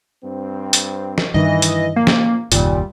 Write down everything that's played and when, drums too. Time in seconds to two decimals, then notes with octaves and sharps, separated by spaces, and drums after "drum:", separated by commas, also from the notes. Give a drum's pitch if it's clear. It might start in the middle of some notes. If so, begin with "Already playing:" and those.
0.23 G2 C4
0.73 drum: hi-hat
1.18 drum: snare
1.34 G2 D#3 E3 D#5
1.62 drum: hi-hat
1.96 A#2 F3 A#3
2.07 drum: snare
2.52 F#1 D#2 A#2 G3, drum: hi-hat